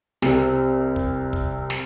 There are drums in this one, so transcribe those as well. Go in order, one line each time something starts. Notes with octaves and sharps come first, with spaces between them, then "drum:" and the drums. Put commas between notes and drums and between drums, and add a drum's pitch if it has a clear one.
C2 C3, drum: snare
drum: kick
drum: kick
drum: snare